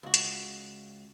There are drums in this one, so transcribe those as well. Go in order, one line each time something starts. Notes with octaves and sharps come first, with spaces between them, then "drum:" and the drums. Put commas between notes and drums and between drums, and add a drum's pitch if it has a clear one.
C#2 F#4
drum: hi-hat